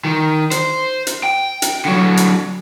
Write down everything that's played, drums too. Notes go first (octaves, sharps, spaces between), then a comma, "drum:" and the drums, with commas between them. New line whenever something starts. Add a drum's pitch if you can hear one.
D#3
C5, drum: hi-hat
drum: hi-hat
G5
drum: hi-hat
D3 F#3
drum: hi-hat